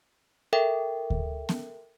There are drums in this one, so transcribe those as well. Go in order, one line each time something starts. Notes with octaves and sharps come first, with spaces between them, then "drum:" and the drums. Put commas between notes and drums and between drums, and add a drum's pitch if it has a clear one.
A4 A#4 E5 G5
drum: kick D2
drum: snare B3